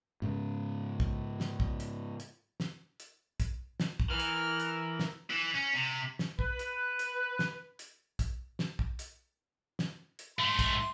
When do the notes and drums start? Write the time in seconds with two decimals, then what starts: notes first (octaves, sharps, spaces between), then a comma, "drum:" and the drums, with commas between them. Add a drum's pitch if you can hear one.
0.22 G#2 C#3
1.00 drum: kick
1.40 drum: snare
1.60 drum: kick
1.80 drum: hi-hat
2.20 drum: hi-hat
2.60 drum: snare
3.00 drum: hi-hat
3.40 drum: kick, hi-hat
3.80 drum: snare
4.00 drum: kick
4.10 E3 A#4 F6
4.20 drum: hi-hat
4.60 drum: hi-hat
4.99 drum: snare
5.30 E3
5.54 C#4
5.74 C3
6.19 drum: snare
6.39 B4, drum: kick
6.59 drum: hi-hat
6.99 drum: hi-hat
7.39 drum: snare
7.79 drum: hi-hat
8.19 drum: kick, hi-hat
8.59 drum: snare
8.79 drum: kick
8.99 drum: hi-hat
9.79 drum: snare
10.19 drum: hi-hat
10.39 G#2 A3 C6
10.59 drum: kick, hi-hat